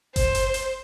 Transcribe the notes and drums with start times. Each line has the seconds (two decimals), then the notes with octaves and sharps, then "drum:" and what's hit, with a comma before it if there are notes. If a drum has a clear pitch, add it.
0.16 C5, drum: kick G1, hi-hat
0.35 drum: hi-hat
0.54 drum: hi-hat